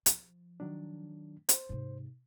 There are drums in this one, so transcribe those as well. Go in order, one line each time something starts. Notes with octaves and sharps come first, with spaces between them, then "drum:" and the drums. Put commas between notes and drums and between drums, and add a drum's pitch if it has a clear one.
F3, drum: hi-hat
D#3 F#3 D4
C5, drum: hi-hat
G#2 C3